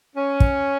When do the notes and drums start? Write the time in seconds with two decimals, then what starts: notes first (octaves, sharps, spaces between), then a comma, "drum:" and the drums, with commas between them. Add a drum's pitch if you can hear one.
0.16 C#4
0.40 drum: kick